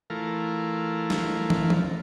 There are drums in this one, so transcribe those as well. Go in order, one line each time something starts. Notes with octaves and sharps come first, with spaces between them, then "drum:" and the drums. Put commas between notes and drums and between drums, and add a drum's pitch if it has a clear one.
E3 A3 F4 A#4
drum: snare
drum: tom
drum: tom F3